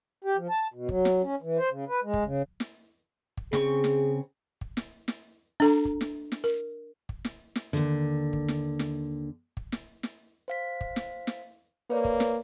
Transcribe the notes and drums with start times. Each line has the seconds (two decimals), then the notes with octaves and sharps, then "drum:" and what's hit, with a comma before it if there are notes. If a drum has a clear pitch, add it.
0.24 G4
0.37 F3
0.49 A5
0.74 B2
0.89 F#3, drum: kick
1.05 drum: snare
1.23 C#4
1.42 E3
1.58 C5
1.71 C#3
1.89 B4
2.04 G#3
2.14 drum: kick
2.25 C#3
2.60 drum: snare
3.37 drum: kick
3.53 C#3 C4 G#4 C#6, drum: snare
3.84 drum: snare
4.61 drum: kick
4.77 drum: snare
5.08 drum: snare
5.60 D4 A4 A#5
5.85 drum: kick
6.01 drum: snare
6.32 drum: snare
6.44 A#4
7.09 drum: kick
7.25 drum: snare
7.55 drum: snare
7.73 D#2 D3
8.33 drum: kick
8.48 drum: snare
8.79 drum: snare
9.57 drum: kick
9.72 drum: snare
10.03 drum: snare
10.48 C5 F5 B6
10.81 drum: kick
10.96 drum: snare
11.27 drum: snare
11.90 A#3 B4 C#5 D5
12.05 drum: kick
12.20 drum: snare